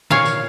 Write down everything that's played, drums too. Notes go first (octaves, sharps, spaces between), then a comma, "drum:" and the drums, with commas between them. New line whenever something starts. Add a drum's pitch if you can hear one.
A#2 C#5 F5, drum: snare
drum: tambourine